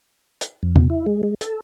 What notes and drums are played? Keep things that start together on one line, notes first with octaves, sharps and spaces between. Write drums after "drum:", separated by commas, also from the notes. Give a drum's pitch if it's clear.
drum: hi-hat
F2
B2, drum: tom
E4
G#3
G#3
A4, drum: hi-hat